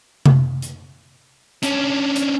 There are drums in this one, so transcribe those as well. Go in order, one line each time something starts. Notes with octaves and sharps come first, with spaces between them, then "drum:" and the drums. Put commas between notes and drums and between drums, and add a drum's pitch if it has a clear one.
drum: tom C3
drum: hi-hat
C#4 D4, drum: hi-hat
drum: hi-hat